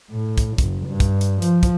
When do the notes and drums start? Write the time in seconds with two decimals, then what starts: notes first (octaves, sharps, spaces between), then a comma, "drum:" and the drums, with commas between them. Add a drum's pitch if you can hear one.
0.11 A2
0.38 drum: kick, hi-hat
0.58 F#1, drum: kick, hi-hat
0.87 G2
1.00 drum: kick, hi-hat
1.21 drum: hi-hat
1.42 F3, drum: hi-hat
1.63 drum: kick, hi-hat